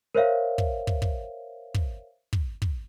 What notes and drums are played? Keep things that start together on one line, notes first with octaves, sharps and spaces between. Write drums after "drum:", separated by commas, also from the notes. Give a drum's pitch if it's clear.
A#4 C5 C#5 E5 F5
drum: kick
drum: kick
drum: kick
drum: kick
drum: kick
drum: kick